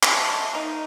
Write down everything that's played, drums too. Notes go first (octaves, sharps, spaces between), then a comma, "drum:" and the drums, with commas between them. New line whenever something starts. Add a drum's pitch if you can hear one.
F#3 G#3 A3, drum: clap
A#3 D#4